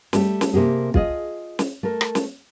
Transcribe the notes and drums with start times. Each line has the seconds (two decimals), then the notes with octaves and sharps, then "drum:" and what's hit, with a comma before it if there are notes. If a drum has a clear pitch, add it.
0.13 G3 A3 G4, drum: snare
0.41 drum: snare
0.54 C3 A#3 G4 G#4
0.94 F4 G#4 D#5, drum: kick
1.59 drum: snare
1.83 A3 A#4
2.01 drum: rim click
2.15 drum: snare